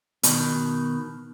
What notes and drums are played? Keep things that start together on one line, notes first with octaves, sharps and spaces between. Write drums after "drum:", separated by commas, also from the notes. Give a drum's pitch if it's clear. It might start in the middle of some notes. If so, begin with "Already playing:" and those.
B2 D#3, drum: hi-hat